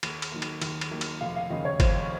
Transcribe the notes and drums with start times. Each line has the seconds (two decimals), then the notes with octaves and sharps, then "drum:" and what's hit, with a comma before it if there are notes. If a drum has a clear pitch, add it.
0.03 D#2, drum: cymbal
0.22 drum: cymbal
0.32 D#3 F#3 A#3
0.42 drum: cymbal
0.62 D#2, drum: cymbal
0.81 drum: cymbal
0.91 D#3 F#3 A#3
1.01 drum: cymbal
1.21 F1 F5
1.36 F5
1.50 D#2 C#3 D#5
1.65 C#5
1.80 F1 C5, drum: kick G1, cymbal